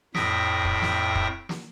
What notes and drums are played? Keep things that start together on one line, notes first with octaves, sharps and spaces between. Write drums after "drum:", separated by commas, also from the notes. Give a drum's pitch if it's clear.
F2 A2 E5 G5 D#6 A#6, drum: snare
drum: kick
drum: snare
drum: kick
drum: snare